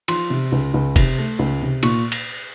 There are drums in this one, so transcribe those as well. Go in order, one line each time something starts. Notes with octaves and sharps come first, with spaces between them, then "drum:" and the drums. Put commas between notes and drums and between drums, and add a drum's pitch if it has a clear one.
F3 C6, drum: cymbal
C3
C#2
C#2
C3, drum: kick, cymbal
A3
C#2
C3
A#2 C#6, drum: cymbal
drum: cymbal